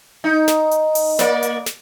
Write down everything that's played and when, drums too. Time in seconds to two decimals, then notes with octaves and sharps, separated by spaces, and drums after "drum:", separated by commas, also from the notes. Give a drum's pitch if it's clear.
0.24 D#4
0.48 drum: snare
0.71 drum: hi-hat
0.95 drum: open hi-hat
1.19 A#3 D5, drum: snare
1.43 drum: hi-hat
1.66 drum: snare